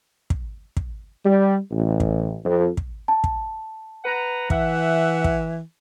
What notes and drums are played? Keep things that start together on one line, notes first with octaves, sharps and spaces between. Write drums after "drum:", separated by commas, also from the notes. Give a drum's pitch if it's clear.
drum: kick
drum: kick
G3
A1
drum: kick
F2
drum: kick
A5
drum: kick
B4 F#5 A#5
E3 E5 F#5, drum: kick
drum: kick